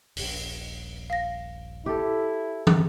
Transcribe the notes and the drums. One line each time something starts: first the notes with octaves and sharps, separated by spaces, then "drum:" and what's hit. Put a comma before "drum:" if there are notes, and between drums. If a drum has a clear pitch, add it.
D#1 A#1, drum: open hi-hat
F5 A#6
E4 G4 A4
drum: tom